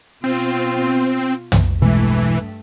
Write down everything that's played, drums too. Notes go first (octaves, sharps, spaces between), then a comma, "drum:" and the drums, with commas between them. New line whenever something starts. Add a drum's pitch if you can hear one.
B2 C4 F4
drum: tom
G2 B2 E3 G#3 A3